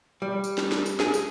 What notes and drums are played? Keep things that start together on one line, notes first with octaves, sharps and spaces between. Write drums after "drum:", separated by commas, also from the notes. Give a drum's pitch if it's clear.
G3
drum: tambourine
drum: snare
drum: snare
drum: tambourine
G#4, drum: snare
drum: tambourine